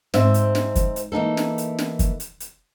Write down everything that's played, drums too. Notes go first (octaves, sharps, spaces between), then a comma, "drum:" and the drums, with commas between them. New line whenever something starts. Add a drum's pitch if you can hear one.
G#2 C4 C5 E5, drum: snare
drum: hi-hat
drum: snare
drum: kick, hi-hat
drum: hi-hat
E3 A#3 D#4 A4
drum: snare
drum: hi-hat
drum: snare
drum: kick, hi-hat
drum: hi-hat
drum: hi-hat